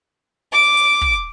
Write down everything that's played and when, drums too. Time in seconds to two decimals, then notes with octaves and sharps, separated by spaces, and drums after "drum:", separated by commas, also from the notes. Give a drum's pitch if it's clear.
0.53 D6
0.77 drum: hi-hat
1.01 drum: kick